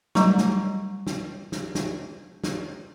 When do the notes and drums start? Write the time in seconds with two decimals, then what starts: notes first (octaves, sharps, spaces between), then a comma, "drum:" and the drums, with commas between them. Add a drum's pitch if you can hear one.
0.15 F#3 G3 A3 A#5 C#6, drum: snare
0.38 drum: snare
1.07 drum: snare
1.52 drum: snare
1.75 drum: snare
2.44 drum: snare